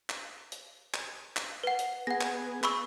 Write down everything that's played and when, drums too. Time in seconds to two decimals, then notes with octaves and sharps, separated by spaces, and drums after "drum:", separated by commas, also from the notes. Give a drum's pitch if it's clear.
0.10 drum: clap
0.52 drum: hi-hat
0.94 drum: clap
1.37 drum: clap
1.63 B4 F#5
1.79 drum: hi-hat
2.07 B3 G#4 F#5 A#6
2.21 drum: clap
2.64 B5 C#6 E6, drum: clap